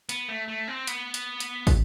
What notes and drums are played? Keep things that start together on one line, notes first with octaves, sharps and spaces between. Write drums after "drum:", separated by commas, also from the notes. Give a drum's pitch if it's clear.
B3, drum: hi-hat
A3
A3
C4
B3, drum: hi-hat
drum: hi-hat
drum: hi-hat
drum: kick, open hi-hat